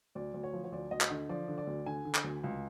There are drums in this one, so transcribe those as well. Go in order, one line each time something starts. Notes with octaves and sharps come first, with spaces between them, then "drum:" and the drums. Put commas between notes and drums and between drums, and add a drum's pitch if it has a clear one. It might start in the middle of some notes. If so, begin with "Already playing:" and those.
D2 D5
D2
C#5
F3
C#5
D2 D5
D2 D#5
drum: clap
D3 D#5
F3 D5
D3
D5
D2
D3 G#5
D3
drum: clap
D2
C#2